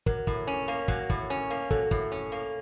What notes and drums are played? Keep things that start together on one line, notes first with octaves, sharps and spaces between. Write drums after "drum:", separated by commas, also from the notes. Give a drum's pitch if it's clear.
F#3 A#4, drum: kick
A2, drum: kick
C#4
A#3
F#3, drum: kick
A2, drum: kick
C#4
A#3
F#3 A4, drum: kick
A2, drum: kick
C#4
A#3